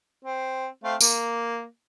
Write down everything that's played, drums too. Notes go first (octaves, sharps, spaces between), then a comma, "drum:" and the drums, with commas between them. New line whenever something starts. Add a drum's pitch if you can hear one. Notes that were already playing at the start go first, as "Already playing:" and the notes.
C4
A3 C4 F5
A#3, drum: tambourine